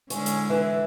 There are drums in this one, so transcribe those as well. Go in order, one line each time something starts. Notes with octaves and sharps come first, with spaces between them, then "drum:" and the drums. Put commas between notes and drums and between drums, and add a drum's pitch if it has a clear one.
D3 G#3 C#4 E4, drum: hi-hat
drum: hi-hat
E3